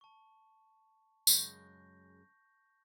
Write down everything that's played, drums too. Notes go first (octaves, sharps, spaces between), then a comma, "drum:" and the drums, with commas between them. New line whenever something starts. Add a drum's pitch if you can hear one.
A5 C#6
F#2 C#3 G#3 C#6 G6 A#6, drum: tambourine